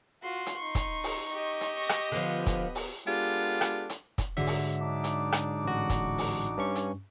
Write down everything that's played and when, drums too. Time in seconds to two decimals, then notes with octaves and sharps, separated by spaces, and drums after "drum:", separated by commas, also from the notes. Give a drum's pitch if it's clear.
0.23 F4 F#4 C6
0.46 drum: hi-hat
0.58 D#4 C#6
0.75 drum: kick, hi-hat
1.04 drum: open hi-hat
1.32 G4 D#5
1.61 drum: hi-hat
1.76 C#6 A#6
1.89 drum: rim click
2.12 D3 F3 B3
2.46 drum: kick, hi-hat
2.75 drum: open hi-hat
3.06 G#3 B3 D4 F4 G4 A4
3.61 drum: rim click
3.89 drum: hi-hat
4.18 drum: kick, hi-hat
4.37 G#2 D3 F#3 E5
4.47 drum: open hi-hat
4.81 D4 D#4 D6
5.04 drum: hi-hat
5.32 drum: rim click
5.64 A1 F#4
5.90 drum: kick, hi-hat
6.18 drum: open hi-hat
6.57 G2 C#4 C#6
6.75 drum: hi-hat